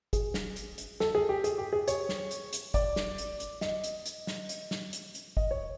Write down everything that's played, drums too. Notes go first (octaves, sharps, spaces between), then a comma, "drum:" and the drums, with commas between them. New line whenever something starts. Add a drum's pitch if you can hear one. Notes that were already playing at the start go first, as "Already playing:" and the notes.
G#4, drum: kick, hi-hat
drum: snare
drum: hi-hat
drum: hi-hat
A4, drum: snare
G#4
G4
G#4, drum: hi-hat
G4
G#4
C#5, drum: hi-hat
drum: snare
drum: hi-hat
drum: hi-hat
D5, drum: kick, hi-hat
drum: snare
drum: hi-hat
drum: hi-hat
D#5, drum: snare
drum: hi-hat
drum: hi-hat
drum: snare
drum: hi-hat
drum: snare
drum: hi-hat
drum: hi-hat
D#5, drum: kick
C#5